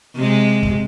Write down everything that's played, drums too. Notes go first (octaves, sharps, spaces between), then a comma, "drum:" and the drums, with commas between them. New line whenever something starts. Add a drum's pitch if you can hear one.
C3 G#3
drum: kick